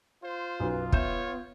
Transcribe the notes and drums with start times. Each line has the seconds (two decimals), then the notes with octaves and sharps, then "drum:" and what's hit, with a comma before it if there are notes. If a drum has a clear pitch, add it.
0.24 F4 C5
0.60 B1 F#2 B4
0.92 B3 C#5 E5 G6 E7, drum: kick